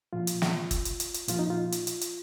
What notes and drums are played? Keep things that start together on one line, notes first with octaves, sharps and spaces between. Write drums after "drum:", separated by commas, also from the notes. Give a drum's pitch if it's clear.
A#2 F3 F4
drum: hi-hat
drum: snare
drum: kick, hi-hat
drum: hi-hat
drum: hi-hat
drum: hi-hat
A#2 F3 F4, drum: hi-hat
D#4
F4
drum: hi-hat
drum: hi-hat
drum: hi-hat